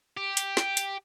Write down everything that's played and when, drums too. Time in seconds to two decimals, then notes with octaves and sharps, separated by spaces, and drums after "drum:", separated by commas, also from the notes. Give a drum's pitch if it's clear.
0.17 G4
0.37 drum: hi-hat
0.57 drum: snare
0.77 drum: hi-hat